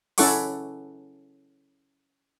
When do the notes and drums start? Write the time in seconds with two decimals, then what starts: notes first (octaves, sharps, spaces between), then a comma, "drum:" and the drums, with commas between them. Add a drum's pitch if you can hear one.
0.18 C#4 E4 A4 F#5 C#6 D6, drum: open hi-hat